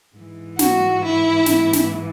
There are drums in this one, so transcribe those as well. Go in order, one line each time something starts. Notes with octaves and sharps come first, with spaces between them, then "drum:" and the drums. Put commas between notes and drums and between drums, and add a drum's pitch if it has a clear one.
G#2 E3
F#4, drum: snare
E4
drum: snare
drum: snare